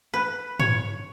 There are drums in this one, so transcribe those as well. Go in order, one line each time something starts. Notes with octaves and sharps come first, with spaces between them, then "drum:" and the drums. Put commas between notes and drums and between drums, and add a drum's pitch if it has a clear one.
B4
C#5, drum: tom